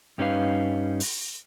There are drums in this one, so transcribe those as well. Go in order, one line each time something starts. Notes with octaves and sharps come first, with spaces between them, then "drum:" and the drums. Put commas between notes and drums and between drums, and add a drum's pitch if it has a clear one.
G2 G3 C#4 D#4 B4 F5
drum: open hi-hat